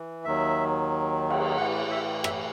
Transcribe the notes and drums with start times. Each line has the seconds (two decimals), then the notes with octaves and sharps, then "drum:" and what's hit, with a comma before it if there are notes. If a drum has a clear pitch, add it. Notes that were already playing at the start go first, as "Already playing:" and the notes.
Already playing: E3
0.25 D#2 D#3 F#3 E5
1.30 drum: cymbal
1.57 A2 E3 F#5
1.91 E5
2.24 E5, drum: rim click